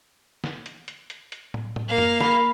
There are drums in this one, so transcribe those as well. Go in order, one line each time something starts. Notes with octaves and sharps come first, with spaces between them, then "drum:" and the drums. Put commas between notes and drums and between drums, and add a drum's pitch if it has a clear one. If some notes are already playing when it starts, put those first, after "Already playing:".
drum: snare
drum: hi-hat
drum: hi-hat
drum: hi-hat
drum: hi-hat
drum: tom
drum: tom
A#3 F5
drum: tom
B5, drum: snare